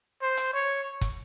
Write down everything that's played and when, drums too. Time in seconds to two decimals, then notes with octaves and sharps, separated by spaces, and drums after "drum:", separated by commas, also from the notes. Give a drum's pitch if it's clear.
0.22 C5
0.37 drum: hi-hat
0.53 C#5
1.01 drum: kick, hi-hat